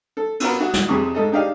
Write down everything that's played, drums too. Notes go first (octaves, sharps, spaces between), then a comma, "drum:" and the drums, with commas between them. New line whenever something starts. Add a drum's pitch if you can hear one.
A4
B3 F4 F#4 A#4 B4, drum: cymbal
F#4
drum: snare
F2 C3 G#4 C#6
G#2 A4 D#5
G#3 D4 D#4 G4 D#5 F5